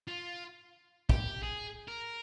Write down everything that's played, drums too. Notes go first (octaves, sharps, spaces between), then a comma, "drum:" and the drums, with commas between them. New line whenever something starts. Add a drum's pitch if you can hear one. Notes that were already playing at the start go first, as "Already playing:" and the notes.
F4
G4, drum: kick
G#4
A#4